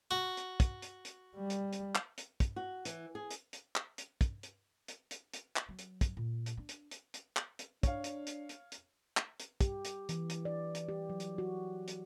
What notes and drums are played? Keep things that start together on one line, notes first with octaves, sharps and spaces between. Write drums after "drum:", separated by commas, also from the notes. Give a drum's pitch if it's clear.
F#4
drum: hi-hat
drum: kick, hi-hat
drum: hi-hat
drum: hi-hat
G3
drum: hi-hat
drum: hi-hat
drum: clap
drum: hi-hat
drum: kick, hi-hat
F#4
E3, drum: hi-hat
G#4
drum: hi-hat
drum: hi-hat
drum: clap
drum: hi-hat
drum: kick, hi-hat
drum: hi-hat
drum: hi-hat
drum: hi-hat
drum: hi-hat
drum: clap
F#3
drum: hi-hat
drum: kick, hi-hat
A#2
drum: hi-hat
D4
drum: hi-hat
drum: hi-hat
drum: hi-hat
drum: clap
drum: hi-hat
D4 C#5 F5, drum: kick, hi-hat
drum: hi-hat
drum: hi-hat
drum: hi-hat
drum: hi-hat
drum: clap
drum: hi-hat
G4, drum: kick, hi-hat
drum: hi-hat
E3, drum: hi-hat
drum: hi-hat
D5
drum: hi-hat
G4
F#3
drum: hi-hat
F#4
drum: hi-hat